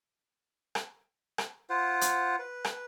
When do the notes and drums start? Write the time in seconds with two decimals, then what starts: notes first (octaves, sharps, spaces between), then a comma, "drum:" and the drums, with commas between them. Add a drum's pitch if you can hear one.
0.75 drum: rim click
1.38 drum: rim click
1.70 F4 C5 F#5
2.01 drum: hi-hat
2.39 B4
2.65 drum: rim click